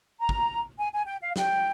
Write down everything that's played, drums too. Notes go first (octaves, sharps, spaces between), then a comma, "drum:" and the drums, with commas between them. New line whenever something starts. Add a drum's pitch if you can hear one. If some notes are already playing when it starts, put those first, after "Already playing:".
A#5
drum: kick
G#5
G#5
G5
F5
G5, drum: snare